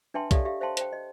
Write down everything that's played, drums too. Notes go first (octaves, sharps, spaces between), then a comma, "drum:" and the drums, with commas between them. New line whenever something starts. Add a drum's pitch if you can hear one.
D4 B4 E5 G5 A5 C6
G4 A4 C#5 D5 E5 F5, drum: kick C2, hi-hat
G4 E5 F5
C5 E5 F5 G5 A5 C6
C5 G5, drum: hi-hat
D#5